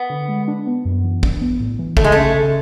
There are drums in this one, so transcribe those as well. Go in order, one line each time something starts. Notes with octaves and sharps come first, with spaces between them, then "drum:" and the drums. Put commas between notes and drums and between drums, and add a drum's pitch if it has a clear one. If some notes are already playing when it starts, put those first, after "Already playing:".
Already playing: B3
D3
G#3
D4
B3
F#2
E3
D4, drum: kick
B3
A2
E3
C#3 A3, drum: kick
G#3
A3 C#4
C#3